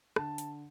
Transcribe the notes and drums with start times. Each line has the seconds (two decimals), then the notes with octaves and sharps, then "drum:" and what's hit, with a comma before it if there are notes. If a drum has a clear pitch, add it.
0.16 D3 A5, drum: rim click
0.38 drum: hi-hat